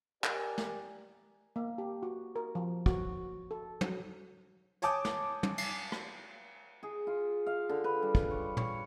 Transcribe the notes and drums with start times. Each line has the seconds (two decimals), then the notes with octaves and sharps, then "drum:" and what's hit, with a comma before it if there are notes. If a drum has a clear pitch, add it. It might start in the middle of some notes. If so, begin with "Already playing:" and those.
0.24 G4 A#4 D5 G#5, drum: clap
0.58 drum: snare
1.56 A#3
1.78 G4
2.03 F#4
2.36 A#4
2.55 F3
2.86 F#4, drum: kick
3.51 A4
3.81 F#3, drum: tom
4.82 C#5 G#5 A5 D6 D#6 G6, drum: hi-hat
5.05 drum: snare
5.43 drum: tom
5.58 drum: cymbal
5.92 drum: rim click
6.83 G#4
7.07 F4
7.47 F5
7.69 D3
7.84 B4
8.02 G3
8.15 drum: kick
8.31 C#5
8.57 C#5, drum: tom